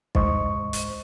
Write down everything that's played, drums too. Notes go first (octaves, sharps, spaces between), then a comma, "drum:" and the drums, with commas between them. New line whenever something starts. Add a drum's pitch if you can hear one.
C2 G#2 C5 D#5 C#6, drum: kick
drum: hi-hat